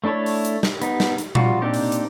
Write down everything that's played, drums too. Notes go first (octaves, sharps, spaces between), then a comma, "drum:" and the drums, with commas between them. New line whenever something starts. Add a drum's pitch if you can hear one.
A3 D4 E4 A4 C#5
drum: open hi-hat
drum: hi-hat
drum: snare
B3 D#4, drum: hi-hat
drum: snare
drum: hi-hat
F3 G3 F4 F#4, drum: tom A#2
A#3 C4 D4 D#4 G4
drum: open hi-hat
drum: hi-hat